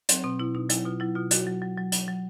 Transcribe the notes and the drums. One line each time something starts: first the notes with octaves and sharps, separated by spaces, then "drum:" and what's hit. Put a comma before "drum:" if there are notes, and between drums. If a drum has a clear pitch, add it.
F#3 C4, drum: hi-hat
B2 C4
B2 E4
B2 D#4
F#3 E4, drum: hi-hat
B2 F4
F#3 E4
B2 F4
F#3 F#4, drum: hi-hat
F#3
F#3
F#3
F#3, drum: hi-hat
F#3